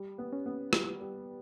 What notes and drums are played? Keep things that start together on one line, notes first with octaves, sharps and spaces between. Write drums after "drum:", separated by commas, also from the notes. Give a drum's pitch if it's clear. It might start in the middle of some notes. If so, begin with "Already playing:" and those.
Already playing: G3
B3
C#4
B3
G3, drum: rim click
G3